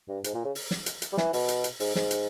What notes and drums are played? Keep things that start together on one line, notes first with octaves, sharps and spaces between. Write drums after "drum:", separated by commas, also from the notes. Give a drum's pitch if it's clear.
G2
G#2, drum: hi-hat
A#2
C#3
drum: open hi-hat
drum: snare
drum: hi-hat
drum: hi-hat
G3
E3, drum: snare
B2, drum: open hi-hat
drum: hi-hat
drum: hi-hat
G#2, drum: open hi-hat
G#2, drum: snare
drum: hi-hat